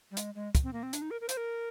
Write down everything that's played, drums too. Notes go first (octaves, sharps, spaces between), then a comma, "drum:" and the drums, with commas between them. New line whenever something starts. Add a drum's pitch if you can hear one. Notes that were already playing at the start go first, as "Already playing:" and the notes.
G3
G#3, drum: hi-hat
G#3
drum: kick, hi-hat
C4
A#3
C4
D4, drum: hi-hat
D#4
A#4
A#4
C5, drum: hi-hat
A#4